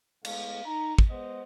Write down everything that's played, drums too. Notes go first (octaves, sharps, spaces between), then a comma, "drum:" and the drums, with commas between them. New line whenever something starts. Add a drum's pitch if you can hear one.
A2 G#3 B3 F5, drum: cymbal
D#4 A#5
drum: kick
G#3 B3 G#4 C5 D#5 F#5